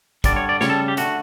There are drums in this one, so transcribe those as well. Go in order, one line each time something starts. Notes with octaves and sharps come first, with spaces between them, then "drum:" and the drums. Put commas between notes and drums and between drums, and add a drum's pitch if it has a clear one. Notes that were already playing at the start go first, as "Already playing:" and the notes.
D3 G3 D5, drum: kick, hi-hat
C#5
D5
C#3 G3 C#5, drum: snare
A4
G4
D3 A3 F#4, drum: hi-hat